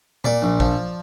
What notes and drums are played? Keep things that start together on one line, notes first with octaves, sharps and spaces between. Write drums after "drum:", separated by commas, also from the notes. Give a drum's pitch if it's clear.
A#2 D5, drum: tom A#2
A#1
F3, drum: kick